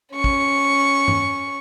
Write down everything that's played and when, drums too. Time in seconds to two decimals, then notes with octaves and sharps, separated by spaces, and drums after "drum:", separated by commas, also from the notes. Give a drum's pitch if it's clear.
0.14 C#4 C#6
0.24 drum: kick
1.08 drum: tom G2